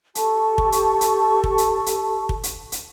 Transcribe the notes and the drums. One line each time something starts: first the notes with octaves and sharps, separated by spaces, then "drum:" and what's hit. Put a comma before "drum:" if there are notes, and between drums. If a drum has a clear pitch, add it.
G4 A4 A5 C#6, drum: hi-hat
drum: kick
drum: hi-hat
drum: hi-hat
drum: kick
drum: hi-hat
drum: hi-hat
drum: kick
drum: hi-hat
drum: hi-hat